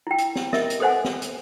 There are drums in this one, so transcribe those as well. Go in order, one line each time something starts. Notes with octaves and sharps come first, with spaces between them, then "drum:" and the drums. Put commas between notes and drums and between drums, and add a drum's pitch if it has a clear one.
E4 G5
drum: hi-hat
drum: snare
A#4 D#5 E5, drum: snare
drum: hi-hat
A4 B4 C5 F#5 G#5
drum: snare
drum: hi-hat